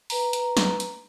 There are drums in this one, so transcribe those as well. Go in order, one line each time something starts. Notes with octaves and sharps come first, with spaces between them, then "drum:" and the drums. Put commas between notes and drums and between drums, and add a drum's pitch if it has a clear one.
B4 A#5, drum: open hi-hat
drum: hi-hat
drum: snare
drum: hi-hat